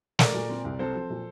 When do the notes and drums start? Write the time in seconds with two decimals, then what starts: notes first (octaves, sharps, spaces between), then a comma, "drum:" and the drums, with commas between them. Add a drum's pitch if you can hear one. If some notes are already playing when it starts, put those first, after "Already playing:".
0.19 A3 A#4 D5, drum: snare
0.34 A#2
0.49 C4
0.64 C2
0.79 C4 A4 C5
0.95 F3
1.10 A#2